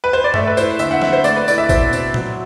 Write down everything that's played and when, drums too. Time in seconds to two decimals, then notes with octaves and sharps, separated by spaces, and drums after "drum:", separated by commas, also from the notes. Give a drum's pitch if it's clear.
0.04 B4
0.13 C5
0.24 D5
0.34 A3 E5, drum: tom G2
0.47 B4
0.57 E4 C5, drum: tambourine
0.79 D3 E5, drum: tambourine
0.91 F#5
1.01 C4 E5, drum: snare
1.13 C5
1.24 A3 D5, drum: tambourine
1.36 B4
1.48 E4 D5, drum: tambourine
1.58 E5
1.69 B2 C5, drum: kick, tambourine
1.93 C4, drum: tambourine
2.14 F#3, drum: tom A#2